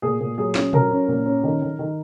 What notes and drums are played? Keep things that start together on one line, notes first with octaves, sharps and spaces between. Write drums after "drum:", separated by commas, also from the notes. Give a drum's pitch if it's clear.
A#2 G#4
A#2
F#3 G#4
C#4, drum: snare
F#3 A#4, drum: tom
C#4
A#2
C#4
D#3
D#3
D#3